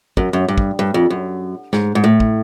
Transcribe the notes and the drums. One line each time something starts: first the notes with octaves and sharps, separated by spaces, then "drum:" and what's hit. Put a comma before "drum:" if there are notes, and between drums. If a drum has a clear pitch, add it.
F#2, drum: kick
F#2
G2
drum: kick
G2
F2
F#2
G#2, drum: snare
G#2
A2
drum: kick